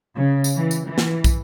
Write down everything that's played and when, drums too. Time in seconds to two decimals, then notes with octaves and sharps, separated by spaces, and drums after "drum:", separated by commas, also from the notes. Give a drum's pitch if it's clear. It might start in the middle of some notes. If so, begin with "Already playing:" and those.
0.17 C#3
0.44 drum: tambourine
0.56 E3
0.71 drum: tambourine
0.87 E3
0.98 drum: snare
1.24 drum: kick, tambourine